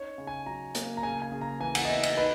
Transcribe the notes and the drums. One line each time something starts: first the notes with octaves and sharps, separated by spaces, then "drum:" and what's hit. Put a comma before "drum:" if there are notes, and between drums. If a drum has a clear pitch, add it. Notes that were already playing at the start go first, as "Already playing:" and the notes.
Already playing: C#4 D#4 C#5
C#3
G#5
F#3 A#5
A#3, drum: hi-hat
A#5
C#3 G#5
G#5
C#3
A#5
E3 G#5
F#5, drum: cymbal
D#5
B3 E5
D#5, drum: cymbal
D#4 B4